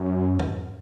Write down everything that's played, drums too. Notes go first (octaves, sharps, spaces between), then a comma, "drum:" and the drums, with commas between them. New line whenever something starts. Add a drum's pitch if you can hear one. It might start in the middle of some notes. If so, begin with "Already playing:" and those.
Already playing: F#2
drum: tom F2